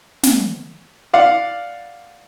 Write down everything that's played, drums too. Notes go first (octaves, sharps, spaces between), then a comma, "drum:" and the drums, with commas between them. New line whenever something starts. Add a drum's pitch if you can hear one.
drum: snare
D5 F5 F#5